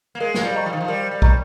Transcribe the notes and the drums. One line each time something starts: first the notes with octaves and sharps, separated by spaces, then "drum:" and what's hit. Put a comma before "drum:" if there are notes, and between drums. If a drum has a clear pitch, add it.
A#3
G#3 A#4
F3, drum: snare
G3
D#5 A#5 C#6
F3
D#3
F3
G3 A#4
G3
D#5 A#5 C#6, drum: kick